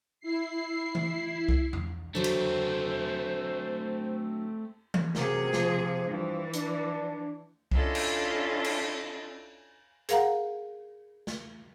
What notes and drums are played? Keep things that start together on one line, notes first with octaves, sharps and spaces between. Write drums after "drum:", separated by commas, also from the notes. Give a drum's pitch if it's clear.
E4 C7
drum: tom E3
drum: kick C2
drum: tom E2
D3 F#3 A3 C4 C5
drum: cymbal
drum: tom E3
F#2 C3 G#4 A#4, drum: snare
F3, drum: snare
G2 E3 F3
D4, drum: hi-hat
C#4 D4 E4 F4 A4 D#5, drum: kick C2
drum: cymbal
drum: cymbal
G#4 A#4 F5 F#5 A#5, drum: hi-hat
drum: snare